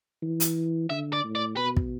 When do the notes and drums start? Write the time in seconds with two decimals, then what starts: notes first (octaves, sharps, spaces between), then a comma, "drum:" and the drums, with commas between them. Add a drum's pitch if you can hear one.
0.23 E3
0.40 drum: hi-hat
0.90 D3 E5
1.13 D5
1.24 A2
1.35 D5
1.57 B2 B4
1.77 drum: kick